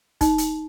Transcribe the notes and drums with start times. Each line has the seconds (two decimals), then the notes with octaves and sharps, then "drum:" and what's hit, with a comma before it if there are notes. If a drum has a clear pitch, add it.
0.21 D#4, drum: kick, hi-hat
0.38 drum: hi-hat